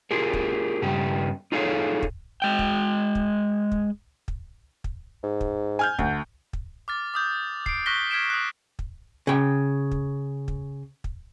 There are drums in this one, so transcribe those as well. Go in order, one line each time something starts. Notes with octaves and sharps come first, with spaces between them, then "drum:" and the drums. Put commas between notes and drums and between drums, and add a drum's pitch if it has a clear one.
F4 G4 G#4 A#4
drum: kick
G2 C#3 G4
D#4 F4 G#4 A4 C#5 F5
drum: kick
G#3 G5
drum: kick
drum: kick
drum: kick
drum: kick
drum: kick
G#2
drum: kick
G#5 F6 G6
D2, drum: kick
drum: kick
D6 F6 A6
D6 D#6 G6
C7 D7, drum: kick
C#6 F6 F#6 A#6 B6 G7
F6 G#6 B6 D7 E7
D#6 F#6
drum: kick
C#3 G5
drum: kick
drum: kick
drum: kick